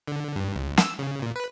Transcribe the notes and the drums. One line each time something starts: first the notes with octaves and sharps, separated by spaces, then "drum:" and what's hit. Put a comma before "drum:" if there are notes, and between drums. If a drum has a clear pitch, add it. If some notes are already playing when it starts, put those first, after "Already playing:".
D3
G2
C#2
E6, drum: snare
C#3
A#2
B4